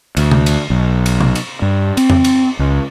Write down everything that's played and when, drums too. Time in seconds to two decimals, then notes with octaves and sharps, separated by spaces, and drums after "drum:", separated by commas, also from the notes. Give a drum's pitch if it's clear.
0.17 D2, drum: cymbal
0.31 drum: tom C3
0.46 drum: cymbal
0.70 B1
1.06 drum: cymbal
1.21 drum: tom C3
1.35 drum: cymbal
1.62 G2
1.97 C4, drum: cymbal
2.10 drum: tom F2
2.24 drum: cymbal
2.59 C#2